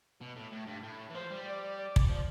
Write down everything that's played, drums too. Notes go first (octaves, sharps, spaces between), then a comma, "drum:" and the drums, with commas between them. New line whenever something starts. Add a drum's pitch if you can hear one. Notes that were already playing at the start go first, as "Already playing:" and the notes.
B2
A2
A2
G2
A2
E3
F3 C5
G3
D5
D5
drum: kick
F3